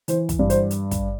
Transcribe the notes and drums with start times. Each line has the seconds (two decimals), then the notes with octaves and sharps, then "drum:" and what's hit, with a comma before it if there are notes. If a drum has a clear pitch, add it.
0.08 E3 C5, drum: hi-hat
0.29 drum: kick, hi-hat
0.39 G2
0.50 C5, drum: hi-hat
0.71 drum: hi-hat
0.91 drum: kick, hi-hat